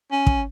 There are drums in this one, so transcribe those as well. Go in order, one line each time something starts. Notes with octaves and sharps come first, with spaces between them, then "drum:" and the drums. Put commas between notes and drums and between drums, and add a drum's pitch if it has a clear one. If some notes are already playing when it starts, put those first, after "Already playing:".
C#4
drum: kick